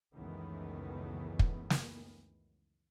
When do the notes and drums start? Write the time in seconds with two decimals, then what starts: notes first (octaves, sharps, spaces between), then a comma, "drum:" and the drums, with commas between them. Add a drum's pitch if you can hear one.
0.16 C#2 F#2 D#3 E3 A3 B3
1.39 drum: kick
1.70 drum: snare